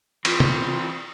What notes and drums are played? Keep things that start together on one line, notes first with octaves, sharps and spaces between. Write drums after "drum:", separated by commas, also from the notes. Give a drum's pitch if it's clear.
E3 C4 F4, drum: cymbal
drum: tom